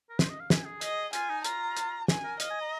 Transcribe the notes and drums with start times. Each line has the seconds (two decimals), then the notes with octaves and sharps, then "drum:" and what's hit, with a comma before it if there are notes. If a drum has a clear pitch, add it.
0.10 A#4
0.19 C5, drum: snare
0.29 D#5
0.40 F5
0.50 G#5, drum: snare
0.65 G#4
0.81 D#5, drum: hi-hat
1.13 F4 G#5, drum: hi-hat
1.29 D#4
1.45 F4 A#5, drum: hi-hat
1.77 drum: hi-hat
2.08 G#5, drum: snare
2.24 A#4
2.40 D#5 F5, drum: hi-hat
2.50 G#5
2.61 A#5